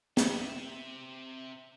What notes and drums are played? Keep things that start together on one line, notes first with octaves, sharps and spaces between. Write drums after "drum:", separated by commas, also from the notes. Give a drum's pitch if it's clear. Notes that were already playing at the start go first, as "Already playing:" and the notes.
C3 E5, drum: snare